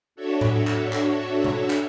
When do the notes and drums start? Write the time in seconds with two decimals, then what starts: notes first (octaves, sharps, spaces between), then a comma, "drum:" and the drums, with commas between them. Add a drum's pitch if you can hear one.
0.16 D4 F#4 A4 C#5 E5
0.41 drum: tom A2
0.67 drum: clap
0.93 drum: clap
1.44 drum: tom B2
1.70 drum: clap